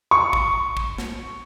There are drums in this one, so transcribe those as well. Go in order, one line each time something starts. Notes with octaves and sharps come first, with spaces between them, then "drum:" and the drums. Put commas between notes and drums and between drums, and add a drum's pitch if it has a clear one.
C#6
drum: kick
drum: kick
drum: snare